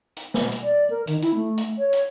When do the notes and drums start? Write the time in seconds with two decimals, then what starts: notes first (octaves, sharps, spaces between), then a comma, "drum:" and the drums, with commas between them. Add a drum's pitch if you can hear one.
0.17 drum: hi-hat
0.34 drum: snare A#3
0.52 drum: hi-hat
0.63 D5
0.90 A#4
1.07 D#3, drum: hi-hat
1.22 E4, drum: hi-hat
1.35 A3
1.58 drum: hi-hat
1.79 C#5
1.93 drum: hi-hat